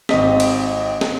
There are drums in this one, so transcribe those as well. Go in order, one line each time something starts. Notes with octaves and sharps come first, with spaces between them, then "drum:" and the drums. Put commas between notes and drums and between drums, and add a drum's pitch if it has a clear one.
G#1 C4 D#5 B6, drum: snare
drum: cymbal
drum: snare